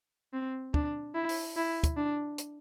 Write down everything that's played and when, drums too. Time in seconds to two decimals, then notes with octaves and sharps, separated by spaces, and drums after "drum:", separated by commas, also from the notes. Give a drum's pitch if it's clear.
0.33 C4
0.74 D4, drum: kick
1.15 E4
1.29 drum: open hi-hat
1.57 E4
1.84 drum: kick, hi-hat
1.97 D4
2.38 drum: hi-hat